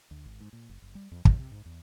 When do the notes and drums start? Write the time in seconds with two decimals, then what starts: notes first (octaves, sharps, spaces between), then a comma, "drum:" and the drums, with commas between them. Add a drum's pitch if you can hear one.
0.11 D2
0.26 G#1
0.41 G#2
0.53 A#2
0.69 F#1
0.82 F#1
0.95 G3
1.12 F2
1.25 F#2, drum: kick
1.39 C3
1.52 G#2
1.65 E2